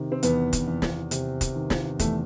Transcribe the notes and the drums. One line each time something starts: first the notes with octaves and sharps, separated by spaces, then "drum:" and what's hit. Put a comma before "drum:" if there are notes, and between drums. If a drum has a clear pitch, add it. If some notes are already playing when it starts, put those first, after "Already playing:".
Already playing: C3 D#3
C4
E2 B3, drum: hi-hat
drum: kick F1, hi-hat
E2
drum: snare
C3, drum: hi-hat
drum: kick F1, hi-hat
D#3
drum: snare
E2 A3, drum: kick F1, hi-hat